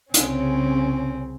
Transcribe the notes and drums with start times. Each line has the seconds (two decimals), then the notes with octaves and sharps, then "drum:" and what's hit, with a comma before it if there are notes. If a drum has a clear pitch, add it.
0.14 C2 C#3 C4 C#4, drum: hi-hat